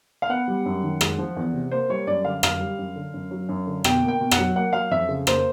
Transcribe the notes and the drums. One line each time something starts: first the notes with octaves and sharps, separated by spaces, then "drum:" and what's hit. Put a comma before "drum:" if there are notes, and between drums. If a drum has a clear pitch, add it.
F5
B3 F#5
G3
F#2
D#3
G#3, drum: rim click
F3
E2
C3
A#3 C5
G3 C#5
F#2 D5
D3 F5
F#2 F5, drum: rim click
G3
F#2
D3
F#2
F#3
F#2
D3
B2 G5, drum: rim click
A#3
G5
B2
F#5, drum: rim click
F#3
A#3 F#5
F#3 F5
F2 E5
C#3
A#3 C5, drum: rim click